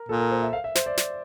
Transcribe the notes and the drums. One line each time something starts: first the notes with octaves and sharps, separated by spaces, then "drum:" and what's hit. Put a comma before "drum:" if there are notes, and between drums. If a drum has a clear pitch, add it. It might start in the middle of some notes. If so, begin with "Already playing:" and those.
Already playing: A#4
A#2 A4
A#4
C5
E5
F5
E5
C5, drum: snare
D5
drum: snare